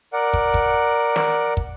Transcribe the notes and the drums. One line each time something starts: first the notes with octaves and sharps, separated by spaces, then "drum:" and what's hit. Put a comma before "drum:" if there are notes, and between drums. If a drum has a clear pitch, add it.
A#4 D5 F#5
drum: kick
drum: kick
drum: snare
drum: kick